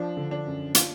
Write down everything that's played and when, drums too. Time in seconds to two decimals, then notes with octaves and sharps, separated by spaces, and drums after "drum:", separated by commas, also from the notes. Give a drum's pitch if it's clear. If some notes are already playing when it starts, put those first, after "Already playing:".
Already playing: F3 D4
0.17 D3
0.31 D4
0.46 F#2
0.75 D4 F4, drum: hi-hat